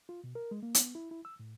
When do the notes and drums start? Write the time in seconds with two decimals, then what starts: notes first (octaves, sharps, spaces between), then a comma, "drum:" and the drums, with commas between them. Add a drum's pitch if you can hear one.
0.09 F4
0.24 B2
0.35 A#4
0.51 G#3
0.63 A#3
0.75 B3, drum: hi-hat
0.95 E4
1.11 E4
1.25 E6
1.40 A2